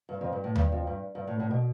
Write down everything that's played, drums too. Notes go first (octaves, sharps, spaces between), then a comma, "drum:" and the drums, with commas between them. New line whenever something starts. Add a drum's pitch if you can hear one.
G2
F2
G2
A2
G2, drum: tom D#2
F2
G2
G2
A2
A2
B2